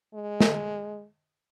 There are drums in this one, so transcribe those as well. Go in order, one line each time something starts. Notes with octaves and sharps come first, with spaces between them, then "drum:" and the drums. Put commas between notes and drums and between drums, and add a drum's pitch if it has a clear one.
G#3
drum: snare